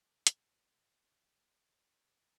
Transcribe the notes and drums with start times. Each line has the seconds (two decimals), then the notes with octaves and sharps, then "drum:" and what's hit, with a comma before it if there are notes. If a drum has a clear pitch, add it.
0.27 G#2 G3, drum: hi-hat
0.54 A#1 F3
1.03 F1 D2 B2
1.77 F1 E3